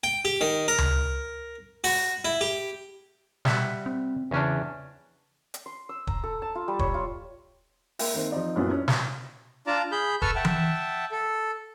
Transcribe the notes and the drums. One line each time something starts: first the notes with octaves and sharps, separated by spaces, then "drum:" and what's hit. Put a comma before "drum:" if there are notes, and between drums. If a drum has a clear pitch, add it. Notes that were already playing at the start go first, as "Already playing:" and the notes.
G5
G4
D#3
A#4
drum: tom C#2
F#4, drum: open hi-hat
E4
G4
B2 G3 E5 F#5, drum: snare
C4
E2 C#3 C#4 D4
drum: hi-hat
C6
E6
A#5, drum: kick
A4
A5
F4
G3
C#5, drum: kick
F4
A#3 E5 G5, drum: open hi-hat
D#3 A#3 C4
F3 C4 D#4 D5
F#2 A#2 F#3 B3 D4 E4
C#4
drum: snare
D4 F4 D5 A5 A#5
G#4 B5 G6
A4 B4 A5 C#6 E6 F6, drum: kick
E5 F#5 G5 A5
drum: tom E3
A4